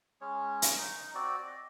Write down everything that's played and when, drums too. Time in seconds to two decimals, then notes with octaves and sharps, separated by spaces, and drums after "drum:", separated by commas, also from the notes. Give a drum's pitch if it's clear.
0.21 G#3 C#4 C#5
0.62 drum: hi-hat
0.78 D#4
1.15 C4 F#4 D5
1.47 D#5